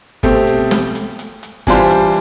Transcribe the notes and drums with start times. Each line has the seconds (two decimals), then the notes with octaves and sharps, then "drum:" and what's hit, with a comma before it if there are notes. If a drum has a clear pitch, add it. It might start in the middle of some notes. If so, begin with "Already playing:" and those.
0.23 B2 A3 C4 G4, drum: kick G1, hi-hat
0.47 drum: hi-hat
0.71 drum: snare
0.95 drum: hi-hat
1.19 drum: hi-hat
1.43 drum: hi-hat
1.67 E3 G3 D4 F4 C5, drum: kick G1, hi-hat
1.91 drum: hi-hat